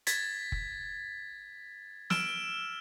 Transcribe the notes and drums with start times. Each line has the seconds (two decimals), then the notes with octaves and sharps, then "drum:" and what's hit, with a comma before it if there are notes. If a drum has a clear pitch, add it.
0.07 G#6 A6 B6, drum: hi-hat
0.52 drum: kick F#1
2.10 E6 F6 D7 E7, drum: snare